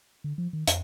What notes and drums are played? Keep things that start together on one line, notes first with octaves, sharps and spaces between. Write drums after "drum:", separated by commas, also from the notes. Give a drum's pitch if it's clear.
D3
F3
D#3
F2, drum: hi-hat